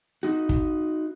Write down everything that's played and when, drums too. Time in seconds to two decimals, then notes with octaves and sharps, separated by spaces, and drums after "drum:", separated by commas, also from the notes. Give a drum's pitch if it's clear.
0.23 D#4 F#4
0.49 drum: kick